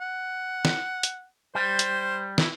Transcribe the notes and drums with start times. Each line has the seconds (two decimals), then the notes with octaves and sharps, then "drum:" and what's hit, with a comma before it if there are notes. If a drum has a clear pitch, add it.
0.01 F#5
0.65 drum: snare
1.03 drum: hi-hat
1.55 G3 C5
1.79 drum: hi-hat
2.38 E4, drum: snare